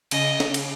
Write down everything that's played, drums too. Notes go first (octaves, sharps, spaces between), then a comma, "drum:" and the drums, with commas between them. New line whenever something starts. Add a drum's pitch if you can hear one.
C#3 D#5, drum: cymbal
drum: snare
drum: cymbal